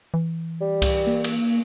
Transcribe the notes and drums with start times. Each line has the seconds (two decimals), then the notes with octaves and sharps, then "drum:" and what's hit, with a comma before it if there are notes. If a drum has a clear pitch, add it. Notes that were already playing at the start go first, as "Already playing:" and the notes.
0.14 E3
0.61 G3
0.82 drum: kick C2, cymbal
1.07 A#3
1.24 drum: cymbal